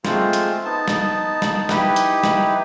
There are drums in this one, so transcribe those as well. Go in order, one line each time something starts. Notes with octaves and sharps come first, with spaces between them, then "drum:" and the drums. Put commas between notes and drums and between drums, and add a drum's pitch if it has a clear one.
G#3 A3 C4 F4 C5, drum: snare
drum: hi-hat
B3 D#4 A5
drum: snare
drum: snare
D#4 E4 G4 B4, drum: snare
drum: hi-hat
drum: snare